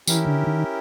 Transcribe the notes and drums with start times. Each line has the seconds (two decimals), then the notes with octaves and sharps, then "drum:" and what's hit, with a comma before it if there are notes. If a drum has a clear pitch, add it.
0.07 E3 C#4 E4 G4 A#4, drum: tambourine
0.26 D3
0.47 D#3